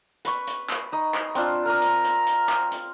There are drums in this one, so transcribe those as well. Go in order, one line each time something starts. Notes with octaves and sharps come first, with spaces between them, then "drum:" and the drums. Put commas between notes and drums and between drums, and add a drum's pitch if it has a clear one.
B4 C#6, drum: hi-hat
drum: hi-hat
drum: clap
D#4 D#5
drum: clap
C4 D4 F4, drum: hi-hat
A#4 A#5 D#6
drum: hi-hat
drum: hi-hat
drum: hi-hat
drum: clap
drum: hi-hat